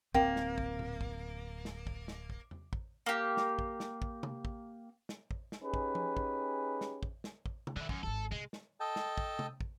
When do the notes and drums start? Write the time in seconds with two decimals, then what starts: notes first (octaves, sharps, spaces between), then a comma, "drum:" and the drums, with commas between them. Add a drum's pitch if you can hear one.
0.15 D1 A#3 C4 G5, drum: kick
0.36 drum: snare
0.58 drum: kick
0.79 drum: tom A#2
1.01 drum: kick
1.65 drum: snare
1.87 drum: kick
2.08 drum: snare
2.30 drum: kick
2.51 drum: tom E2
2.73 drum: kick
3.06 A#3 G4
3.37 drum: snare
3.59 drum: kick
3.80 drum: snare
4.02 drum: kick
4.23 drum: tom C3
4.45 drum: kick
5.09 drum: snare
5.31 drum: kick
5.52 drum: snare
5.61 C#4 D#4 G4 G#4 B4
5.74 drum: kick
5.95 drum: tom F3
6.17 drum: kick
6.81 drum: snare
7.03 drum: kick
7.24 drum: snare
7.46 drum: kick
7.67 drum: tom C3
7.76 D3 D#3 E4
7.89 F#2, drum: kick
8.03 D1 G#1 A4
8.32 C3 G#3
8.53 drum: snare
8.80 A4 D#5 G5 A5
8.96 drum: snare
9.18 drum: kick
9.39 drum: tom C3
9.61 drum: kick